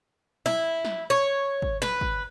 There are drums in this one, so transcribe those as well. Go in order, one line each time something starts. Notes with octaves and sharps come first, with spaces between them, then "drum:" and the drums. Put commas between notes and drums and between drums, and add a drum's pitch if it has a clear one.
E4, drum: snare
drum: snare
C#5
drum: kick G#1
B4, drum: snare
drum: kick G#1